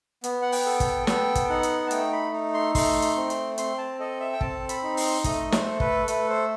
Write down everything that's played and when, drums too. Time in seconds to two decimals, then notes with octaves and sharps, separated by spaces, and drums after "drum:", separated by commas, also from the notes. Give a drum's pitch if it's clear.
0.24 B3, drum: hi-hat
0.42 F#5
0.52 G5, drum: open hi-hat
0.66 A4
0.80 G5, drum: kick, hi-hat
1.07 B3 G5, drum: snare
1.35 drum: kick, hi-hat
1.49 D#4 F#5
1.63 drum: hi-hat
1.87 A5
1.91 A3 G5, drum: hi-hat
2.12 B5
2.33 D#4
2.54 C6
2.75 A3 C6, drum: kick, open hi-hat
3.02 drum: hi-hat
3.17 C4
3.30 drum: hi-hat
3.58 C4 C6, drum: hi-hat
3.78 A5
3.99 A4 D#5
4.20 E5
4.33 G5
4.41 C4 A5, drum: kick
4.69 B5, drum: hi-hat
4.83 D#4
4.97 C6, drum: open hi-hat
5.24 A3 D#5, drum: kick, hi-hat
5.52 C5, drum: snare
5.66 A4
5.80 B4, drum: kick
6.08 A3 B4, drum: hi-hat
6.29 C5